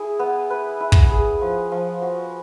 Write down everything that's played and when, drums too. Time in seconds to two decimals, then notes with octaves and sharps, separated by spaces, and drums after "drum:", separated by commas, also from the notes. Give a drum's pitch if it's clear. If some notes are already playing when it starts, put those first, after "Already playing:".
Already playing: E4 G#4
0.19 B3
0.50 B4
0.80 E4
0.92 drum: kick
1.11 G#4
1.41 F3
1.72 F3
2.02 F#4